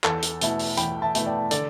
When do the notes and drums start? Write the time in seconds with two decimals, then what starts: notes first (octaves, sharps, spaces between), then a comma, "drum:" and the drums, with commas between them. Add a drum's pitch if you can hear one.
0.04 E2 A4, drum: clap
0.22 drum: hi-hat
0.41 B2 A3 E4, drum: hi-hat
0.59 drum: open hi-hat
0.77 E2 G5 B5, drum: hi-hat
1.02 E5 A5
1.15 B2 A3 E4, drum: hi-hat
1.26 D5 G5
1.51 D3 A4 D5, drum: hi-hat